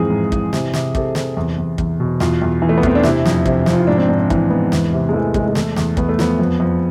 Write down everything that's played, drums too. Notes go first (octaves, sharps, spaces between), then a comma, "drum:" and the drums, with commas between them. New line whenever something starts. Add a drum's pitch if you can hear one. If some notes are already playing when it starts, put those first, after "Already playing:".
Already playing: F2 G#2 E3 C4 G#4
G#2
E3, drum: kick
C3, drum: snare
C3, drum: snare
C3 A4, drum: kick
C3, drum: snare
E2
E2
E2, drum: kick
B2
E2 F4, drum: snare
E2
E3
A3
B3
E2 C4, drum: kick
D4
C3 E4, drum: snare
F2, drum: snare
C3, drum: kick
F2, drum: snare
F4
E4
G#2 D4
C4
G#2 D4
D4
E3, drum: kick
G#2 B3
E2, drum: snare
C3
G#3
E3 A3
C3 G#3, drum: kick
G#3
E2 A3, drum: snare
E2, drum: snare
E2 B3, drum: kick
A3
F3 B3, drum: snare
F2
F2